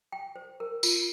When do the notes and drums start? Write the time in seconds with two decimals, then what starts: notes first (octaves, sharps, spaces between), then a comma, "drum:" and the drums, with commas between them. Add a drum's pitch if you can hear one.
0.12 G5
0.36 C5
0.60 A#4
0.83 F4, drum: tambourine